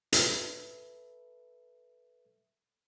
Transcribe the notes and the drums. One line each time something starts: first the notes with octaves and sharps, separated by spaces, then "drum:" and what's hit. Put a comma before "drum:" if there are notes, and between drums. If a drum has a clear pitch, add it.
A4 B4 E5, drum: hi-hat